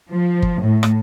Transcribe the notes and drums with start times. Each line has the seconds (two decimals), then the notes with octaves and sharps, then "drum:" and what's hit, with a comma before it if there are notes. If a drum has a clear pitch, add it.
0.11 F3
0.42 drum: kick G1
0.63 A2
0.83 drum: rim click